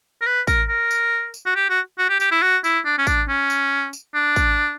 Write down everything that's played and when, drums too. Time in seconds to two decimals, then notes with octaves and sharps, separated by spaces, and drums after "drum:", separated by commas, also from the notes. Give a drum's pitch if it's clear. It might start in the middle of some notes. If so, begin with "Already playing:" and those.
0.21 A#4
0.26 B4
0.47 A#4, drum: kick, tambourine
0.69 A#4
0.91 drum: tambourine
1.34 drum: tambourine
1.45 F#4
1.55 G4
1.70 F#4
1.98 F#4
2.09 G4
2.20 G4, drum: tambourine
2.31 E4
2.42 F#4
2.64 E4, drum: tambourine
2.85 D4
2.98 C#4
3.07 D4, drum: kick, tambourine
3.28 C#4
3.50 drum: tambourine
3.93 drum: tambourine
4.14 D4
4.36 drum: kick, tambourine